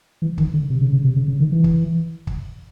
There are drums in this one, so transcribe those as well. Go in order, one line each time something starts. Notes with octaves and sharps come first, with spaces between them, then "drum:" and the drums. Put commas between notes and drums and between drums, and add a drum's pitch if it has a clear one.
E3
D#3, drum: kick
D3
C3
C#3
C#3
C3
C#3
C#3
D#3
E3
drum: kick
drum: kick